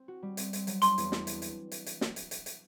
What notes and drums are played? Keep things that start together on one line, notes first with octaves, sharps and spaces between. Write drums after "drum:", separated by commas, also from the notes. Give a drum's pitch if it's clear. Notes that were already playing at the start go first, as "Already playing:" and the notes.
Already playing: C4
F#4
G3
C4, drum: hi-hat
C4, drum: hi-hat
F#3, drum: hi-hat
D4 C6, drum: hi-hat
E2, drum: hi-hat
D4, drum: snare
drum: hi-hat
drum: hi-hat
drum: hi-hat
drum: hi-hat
drum: snare
drum: hi-hat
drum: hi-hat
drum: hi-hat